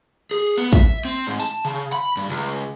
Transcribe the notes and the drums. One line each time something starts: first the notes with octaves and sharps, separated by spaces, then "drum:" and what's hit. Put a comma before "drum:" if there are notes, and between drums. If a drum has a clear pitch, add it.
G#4
B3
E5, drum: kick
C4
G#2
A5, drum: tambourine
C#3
B5
G2
C#2